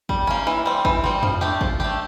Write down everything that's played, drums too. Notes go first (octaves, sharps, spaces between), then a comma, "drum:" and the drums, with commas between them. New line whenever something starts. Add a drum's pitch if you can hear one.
G3, drum: kick A1
A#3 C#4
E3
G3 C4
E3, drum: kick A1
G3 C4
F3, drum: tom E2
A3 D4 G4
F3, drum: kick A1
A3 D4 G4